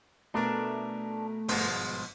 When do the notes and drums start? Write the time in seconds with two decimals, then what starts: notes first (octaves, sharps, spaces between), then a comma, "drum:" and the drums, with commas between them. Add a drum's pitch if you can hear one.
0.34 B2 A3 B3 D4 A#4
1.48 G1 G#2 B2 F3 G#3, drum: open hi-hat